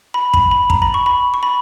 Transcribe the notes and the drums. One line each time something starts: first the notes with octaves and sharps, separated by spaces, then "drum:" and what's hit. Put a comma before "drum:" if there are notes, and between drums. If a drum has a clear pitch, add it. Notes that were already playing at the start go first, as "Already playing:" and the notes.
B5
B5, drum: kick
B5
A#5, drum: kick
B5
C#6
B5
C#6
B5